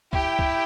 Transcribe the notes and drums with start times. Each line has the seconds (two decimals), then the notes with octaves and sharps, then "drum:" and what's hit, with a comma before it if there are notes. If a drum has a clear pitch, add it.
0.13 E4 G4 G5, drum: kick
0.39 drum: kick